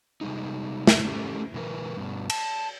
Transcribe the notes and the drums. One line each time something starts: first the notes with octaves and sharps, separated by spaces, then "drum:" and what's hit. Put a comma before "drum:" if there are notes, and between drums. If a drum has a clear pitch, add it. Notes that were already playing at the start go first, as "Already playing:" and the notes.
C3 G3 G#3 D#4
drum: snare
A3 C#4 F#4 G4 A4
B2 E3 C#4 A#4 B4
G2 B2
A5, drum: cymbal